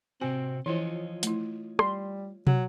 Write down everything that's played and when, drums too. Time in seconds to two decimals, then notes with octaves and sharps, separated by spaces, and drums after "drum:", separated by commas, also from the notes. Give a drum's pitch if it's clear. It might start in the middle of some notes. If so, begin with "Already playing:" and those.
0.21 C3 C4 F#4 G#5
0.66 E3 F3 E4 F4 C5 C#5 D#5
1.23 A3 E4, drum: hi-hat
1.79 G3 C6, drum: rim click
2.47 F#3, drum: tom